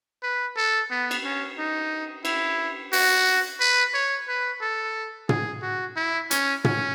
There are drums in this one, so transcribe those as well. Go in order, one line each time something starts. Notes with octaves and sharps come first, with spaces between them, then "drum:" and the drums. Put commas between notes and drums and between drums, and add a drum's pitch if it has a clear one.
B4
A4
B3
drum: cymbal
C#4
D#4
E4, drum: cymbal
F#4, drum: open hi-hat
B4
C#5
B4
A4
G#4, drum: tom
F#4
E4
C#4, drum: hi-hat
C#4, drum: tom